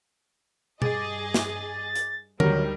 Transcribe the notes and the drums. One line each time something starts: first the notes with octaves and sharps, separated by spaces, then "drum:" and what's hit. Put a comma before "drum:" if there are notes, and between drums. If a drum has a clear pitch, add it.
G2 G#4 D#5 D6 A6, drum: tom B2
drum: snare
drum: hi-hat
D2 D3 D#3 F#3 G3 A#4, drum: tom D#3